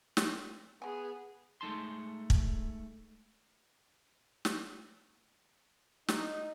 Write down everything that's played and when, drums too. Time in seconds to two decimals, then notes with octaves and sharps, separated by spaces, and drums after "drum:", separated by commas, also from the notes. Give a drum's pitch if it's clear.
0.17 D#3 C4 C#4, drum: snare
0.82 G#3 B3 G#4 G#5
1.61 G#3 A3 D#4 A5 C6
2.30 drum: kick
4.45 drum: snare
6.08 D#4, drum: snare